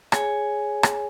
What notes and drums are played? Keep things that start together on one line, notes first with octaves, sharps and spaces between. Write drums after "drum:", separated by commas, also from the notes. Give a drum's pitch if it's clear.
G#4 C#5 G#5, drum: rim click
drum: rim click